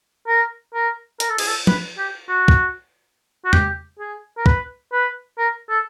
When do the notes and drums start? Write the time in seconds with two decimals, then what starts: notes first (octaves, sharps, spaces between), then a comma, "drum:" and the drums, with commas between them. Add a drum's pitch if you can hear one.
0.28 A#4
0.74 A#4
1.20 A#4, drum: hi-hat
1.29 A4
1.38 G#4, drum: cymbal
1.48 A4
1.67 B4, drum: tom F3
1.98 G4
2.28 F#4
2.48 drum: kick
3.45 F#4
3.53 G4, drum: tom E2
3.99 G#4
4.37 A#4
4.46 B4, drum: kick
4.92 B4
5.38 A#4
5.69 A4